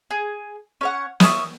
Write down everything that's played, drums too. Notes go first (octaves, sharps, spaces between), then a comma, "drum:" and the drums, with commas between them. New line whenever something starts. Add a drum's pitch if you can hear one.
G#4
C#4 C#5 F#5
C#4 E5 D#6, drum: snare